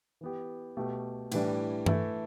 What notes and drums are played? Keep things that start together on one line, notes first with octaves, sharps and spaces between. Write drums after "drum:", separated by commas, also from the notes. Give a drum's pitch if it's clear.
E3 B3 G4
B2 A3 G4
A2 E3 G3 D4, drum: cymbal
E3 A3 E4 A4, drum: tom G2